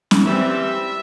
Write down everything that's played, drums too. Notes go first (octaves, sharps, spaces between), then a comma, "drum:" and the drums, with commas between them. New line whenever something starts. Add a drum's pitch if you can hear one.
drum: snare C#4
E3 G3 C4 E5